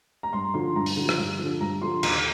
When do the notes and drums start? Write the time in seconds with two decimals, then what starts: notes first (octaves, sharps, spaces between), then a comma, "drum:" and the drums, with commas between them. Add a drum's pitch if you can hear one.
0.23 A#5
0.33 G2 C6
0.54 D3 F3 C6
0.76 G2 A#5
0.86 drum: open hi-hat
0.97 D3 F3
1.09 drum: rim click
1.18 G2
1.39 D3 F3
1.60 G2 A#5
1.82 D3 F3 C6
2.03 D#2 A#5, drum: cymbal